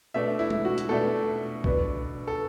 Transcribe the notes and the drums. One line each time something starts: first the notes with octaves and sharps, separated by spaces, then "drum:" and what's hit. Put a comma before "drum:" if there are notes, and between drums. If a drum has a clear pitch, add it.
B2 A3 D4 E5
E4
drum: tom G#3
F#4
drum: hi-hat
B2 A3 D4 A4
B2 B3 D4, drum: kick
A4